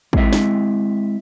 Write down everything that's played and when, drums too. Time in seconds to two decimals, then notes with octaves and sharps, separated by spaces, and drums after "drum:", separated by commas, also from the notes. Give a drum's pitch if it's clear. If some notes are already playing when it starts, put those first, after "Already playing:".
0.13 G#3 C4 E4 E5, drum: kick
0.33 drum: snare